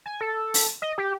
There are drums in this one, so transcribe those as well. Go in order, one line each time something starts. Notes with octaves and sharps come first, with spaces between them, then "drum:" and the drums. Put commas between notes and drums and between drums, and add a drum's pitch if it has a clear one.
G#5
A4
drum: open hi-hat
D#5
G4